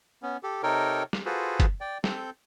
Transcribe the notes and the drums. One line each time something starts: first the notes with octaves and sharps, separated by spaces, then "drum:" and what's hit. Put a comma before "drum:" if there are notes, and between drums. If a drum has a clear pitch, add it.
B3 C#4
G4 A4
C3 D#4 A4 A#4 C#5 G5
drum: snare
F4 F#4 G#4 A4 B4 C5
drum: kick, hi-hat
D5 G5
C4 A4 G6, drum: snare